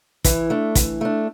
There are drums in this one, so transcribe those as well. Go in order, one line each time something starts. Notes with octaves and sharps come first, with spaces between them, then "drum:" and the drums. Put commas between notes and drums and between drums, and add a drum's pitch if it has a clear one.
E3, drum: kick, hi-hat
A3 D4
E3, drum: kick, hi-hat
A3 D4